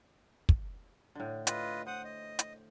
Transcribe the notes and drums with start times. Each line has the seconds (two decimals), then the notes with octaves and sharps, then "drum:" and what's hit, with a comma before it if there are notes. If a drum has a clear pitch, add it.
0.49 drum: kick
1.15 A2 D3
1.47 F4 B4 D#5, drum: hi-hat
1.86 C5 F#5 D#6
2.04 D#5
2.39 drum: hi-hat